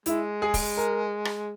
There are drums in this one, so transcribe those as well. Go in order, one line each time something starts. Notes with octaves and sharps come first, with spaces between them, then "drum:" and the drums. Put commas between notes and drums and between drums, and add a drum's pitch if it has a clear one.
G#3 E4, drum: hi-hat
G#4
drum: kick E1, open hi-hat
A#4
drum: rim click